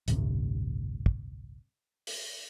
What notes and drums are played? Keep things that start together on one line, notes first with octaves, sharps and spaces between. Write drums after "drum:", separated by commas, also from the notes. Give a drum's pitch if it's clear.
A1 D2 G2 C3, drum: hi-hat
drum: kick
drum: open hi-hat